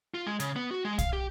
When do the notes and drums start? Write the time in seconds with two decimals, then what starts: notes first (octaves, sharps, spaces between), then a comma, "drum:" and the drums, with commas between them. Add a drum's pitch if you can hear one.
0.14 F4
0.26 G#3
0.40 C#3, drum: hi-hat
0.56 B3
0.71 F#4
0.85 G#3
0.98 F5, drum: kick, hi-hat
1.13 G4